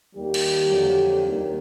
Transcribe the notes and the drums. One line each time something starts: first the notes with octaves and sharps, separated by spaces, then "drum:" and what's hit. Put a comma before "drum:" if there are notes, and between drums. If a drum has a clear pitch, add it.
D#2 D#3 G3 A#3 G4
drum: cymbal
F2 D3 F#3 A#3
D#2 D#3 G3 A#3